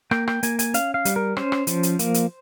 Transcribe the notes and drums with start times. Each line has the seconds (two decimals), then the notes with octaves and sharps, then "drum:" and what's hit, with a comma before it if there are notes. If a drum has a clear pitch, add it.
0.11 A#3 G5, drum: rim click
0.28 G5, drum: rim click
0.43 A#3 G#5, drum: hi-hat
0.59 G#5, drum: hi-hat
0.74 C#4 F5, drum: hi-hat
0.94 F5
1.05 G3, drum: hi-hat
1.16 A#4
1.37 C#4 C5, drum: rim click
1.52 drum: rim click
1.67 F3, drum: hi-hat
1.83 drum: hi-hat
1.99 A#3, drum: hi-hat
2.14 drum: hi-hat